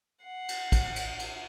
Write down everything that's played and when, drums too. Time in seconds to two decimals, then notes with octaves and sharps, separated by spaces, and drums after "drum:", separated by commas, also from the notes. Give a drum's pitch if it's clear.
0.25 F#5 C7
0.49 drum: cymbal
0.72 drum: kick, cymbal
0.96 drum: cymbal
1.19 drum: cymbal